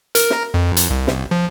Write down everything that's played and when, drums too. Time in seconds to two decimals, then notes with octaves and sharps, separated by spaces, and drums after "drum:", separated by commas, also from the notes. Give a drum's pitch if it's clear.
0.15 A#4, drum: hi-hat
0.30 drum: snare
0.54 F2
0.77 drum: hi-hat
0.91 C2
1.07 drum: snare
1.31 F3